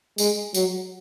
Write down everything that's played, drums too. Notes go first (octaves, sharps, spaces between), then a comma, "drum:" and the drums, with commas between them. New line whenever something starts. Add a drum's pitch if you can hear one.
G#3, drum: tambourine
F#3, drum: tambourine